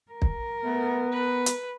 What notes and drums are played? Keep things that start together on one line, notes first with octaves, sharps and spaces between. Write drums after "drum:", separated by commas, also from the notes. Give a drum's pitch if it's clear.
A#4
drum: kick
A3 B3
B4
drum: hi-hat